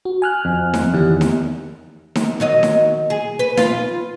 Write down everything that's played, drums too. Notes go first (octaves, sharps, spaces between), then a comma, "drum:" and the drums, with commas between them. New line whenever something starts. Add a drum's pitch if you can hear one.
F#4
G#5 F6 F#6
F2
drum: snare D#4
E2 D#3 G4
drum: snare D#4
drum: snare D#4
D#3 F#3 D#5
drum: snare D#4
G#4
B4
F4 B4, drum: snare D#4